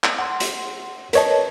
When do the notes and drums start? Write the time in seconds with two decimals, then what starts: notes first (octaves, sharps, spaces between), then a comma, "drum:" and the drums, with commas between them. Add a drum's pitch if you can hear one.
0.04 drum: clap
0.19 F#5 C6
0.40 drum: hi-hat
1.13 A#4 B4 C#5 D#5 A5, drum: hi-hat